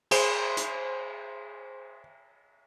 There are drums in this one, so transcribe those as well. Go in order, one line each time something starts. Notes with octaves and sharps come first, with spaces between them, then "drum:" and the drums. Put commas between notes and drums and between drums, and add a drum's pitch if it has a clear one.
G#4 C5, drum: cymbal
drum: hi-hat